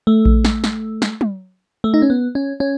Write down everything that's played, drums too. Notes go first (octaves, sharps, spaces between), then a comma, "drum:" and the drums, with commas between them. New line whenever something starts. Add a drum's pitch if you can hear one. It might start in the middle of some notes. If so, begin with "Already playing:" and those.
A3
drum: kick A#1
drum: snare
drum: snare
drum: snare
drum: tom
A3
D#4
C#4
B3
C#4
C#4